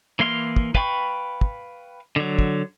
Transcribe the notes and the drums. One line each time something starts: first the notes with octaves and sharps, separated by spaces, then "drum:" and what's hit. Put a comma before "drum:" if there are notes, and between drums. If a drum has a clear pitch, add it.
E3 A#3 F5 C6 F6
drum: kick
B4 F5 G5 B5 C#6, drum: kick
drum: kick
D3 F#3
drum: kick